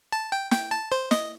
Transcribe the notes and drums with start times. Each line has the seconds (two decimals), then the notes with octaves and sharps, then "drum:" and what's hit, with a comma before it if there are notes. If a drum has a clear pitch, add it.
0.12 A5
0.32 G5
0.51 G5, drum: snare
0.71 A5
0.92 C5
1.11 D#5, drum: snare